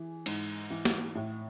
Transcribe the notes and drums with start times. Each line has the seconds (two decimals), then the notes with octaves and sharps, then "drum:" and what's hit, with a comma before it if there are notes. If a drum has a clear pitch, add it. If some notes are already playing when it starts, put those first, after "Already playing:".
Already playing: E3 G#4
0.26 G#2, drum: cymbal
0.70 E3
0.85 drum: snare
1.15 A2